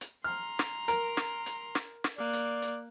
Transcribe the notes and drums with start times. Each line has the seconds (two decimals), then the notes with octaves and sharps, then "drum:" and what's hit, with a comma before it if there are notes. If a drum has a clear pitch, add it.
0.01 drum: hi-hat
0.24 A#5 C6 F6
0.59 drum: snare
0.88 A#4, drum: hi-hat
1.17 drum: snare
1.46 drum: hi-hat
1.75 drum: snare
2.04 drum: snare
2.18 A#3 D5 F#6
2.33 drum: hi-hat
2.62 drum: hi-hat